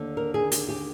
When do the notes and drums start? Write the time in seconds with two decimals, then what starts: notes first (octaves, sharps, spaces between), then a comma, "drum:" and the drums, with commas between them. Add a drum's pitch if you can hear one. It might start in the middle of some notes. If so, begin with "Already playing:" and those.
Already playing: D#2 D3
0.17 A#4
0.34 G#4
0.52 G4, drum: hi-hat
0.69 G4